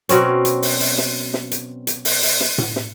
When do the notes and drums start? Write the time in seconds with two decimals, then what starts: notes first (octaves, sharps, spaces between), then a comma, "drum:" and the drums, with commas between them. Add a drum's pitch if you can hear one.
0.09 B2 F#3 C4 C#4, drum: hi-hat
0.45 drum: hi-hat
0.62 drum: open hi-hat
0.80 drum: open hi-hat
0.98 drum: snare
1.34 drum: snare
1.51 drum: hi-hat
1.87 drum: hi-hat
2.05 drum: open hi-hat
2.23 drum: open hi-hat
2.40 drum: snare
2.58 drum: tom A2
2.76 drum: snare